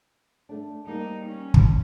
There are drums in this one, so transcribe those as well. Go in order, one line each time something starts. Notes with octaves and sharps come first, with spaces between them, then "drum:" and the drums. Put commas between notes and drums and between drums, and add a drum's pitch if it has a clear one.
A3 D4
G3 A#3 C4 D#4
C#4
drum: kick